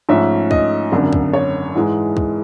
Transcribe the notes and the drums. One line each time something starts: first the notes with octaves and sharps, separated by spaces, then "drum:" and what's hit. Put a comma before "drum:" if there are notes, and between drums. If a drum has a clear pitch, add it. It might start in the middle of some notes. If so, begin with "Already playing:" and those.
G#2 F3 A3 C#4 E5
D#5, drum: kick
G#1 F#2 D3
drum: kick
C#5
G#2 E3 G#3
drum: kick